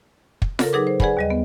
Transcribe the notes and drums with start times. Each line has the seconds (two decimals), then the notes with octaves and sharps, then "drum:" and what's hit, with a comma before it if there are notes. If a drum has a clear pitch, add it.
0.42 drum: kick
0.59 C#3 A4 A#4, drum: snare F4
0.73 F#3 D#4 G#4 B4 D6
0.87 C5
1.00 G#4 B4 D5 F#5 G#5 B5, drum: kick
1.17 D#2 G3 D#5
1.30 B3